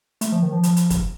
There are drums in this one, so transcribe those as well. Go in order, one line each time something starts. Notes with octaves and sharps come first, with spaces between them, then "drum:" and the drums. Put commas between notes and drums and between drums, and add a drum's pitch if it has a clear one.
A3, drum: hi-hat
F3
D#3
F3
F3, drum: hi-hat
drum: hi-hat
drum: kick, hi-hat